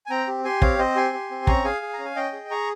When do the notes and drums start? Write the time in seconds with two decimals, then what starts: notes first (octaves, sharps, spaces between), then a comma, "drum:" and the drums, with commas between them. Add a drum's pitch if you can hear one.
0.06 G#5
0.10 C4 G5 A#5
0.28 G4
0.45 G4 G#5 C6
0.62 C4 C#5 F5, drum: kick
0.79 C4 C5 D#5
0.96 G4 G#5 C6
1.13 G4
1.31 C4
1.47 C#4 A#5 C#6, drum: kick
1.65 G#4 F5 G#5
1.82 G#4
1.93 A#5
1.99 C#4
2.05 G#5
2.16 C#4 D#5 G5
2.33 G#4
2.51 G#4 A#5 C#6